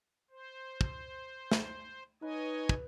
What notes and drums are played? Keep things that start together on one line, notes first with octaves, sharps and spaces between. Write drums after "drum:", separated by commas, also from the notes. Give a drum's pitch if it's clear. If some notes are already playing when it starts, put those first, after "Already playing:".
C5
drum: kick
drum: snare
D#4 B4 C#5 D#5 G#5
drum: kick